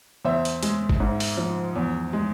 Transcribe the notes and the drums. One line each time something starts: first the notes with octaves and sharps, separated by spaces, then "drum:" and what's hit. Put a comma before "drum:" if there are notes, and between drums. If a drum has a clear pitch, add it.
E2 C5 E5
drum: hi-hat
G#3, drum: hi-hat
drum: kick G#1
G#2
drum: open hi-hat
F3
E2
G#3